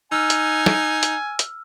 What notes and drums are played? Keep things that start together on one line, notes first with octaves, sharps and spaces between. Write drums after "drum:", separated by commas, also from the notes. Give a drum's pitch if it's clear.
D#4 G#5 E6 F6
drum: hi-hat
drum: snare
drum: hi-hat
drum: hi-hat